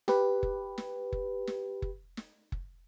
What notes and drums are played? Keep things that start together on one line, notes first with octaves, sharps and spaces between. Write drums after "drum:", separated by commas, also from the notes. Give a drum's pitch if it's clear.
G4 B4, drum: snare
drum: kick F#1
drum: snare
drum: kick F#1
drum: snare
drum: kick F#1
drum: snare
drum: kick F#1